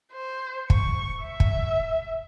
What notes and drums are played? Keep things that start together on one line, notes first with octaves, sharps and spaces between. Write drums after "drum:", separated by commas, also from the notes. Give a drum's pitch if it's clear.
C5
C#6, drum: kick
E5
drum: kick